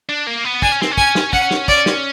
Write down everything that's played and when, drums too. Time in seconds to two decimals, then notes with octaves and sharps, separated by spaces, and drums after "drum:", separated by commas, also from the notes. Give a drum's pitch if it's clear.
0.09 D4
0.27 A#3
0.45 B3
0.62 D4 G#5, drum: kick
0.72 C#4
0.82 C4, drum: snare
0.92 C#4
0.98 G#5, drum: kick
1.15 drum: snare
1.33 C#4 F#5, drum: kick
1.51 drum: snare
1.68 D5, drum: kick
1.86 drum: snare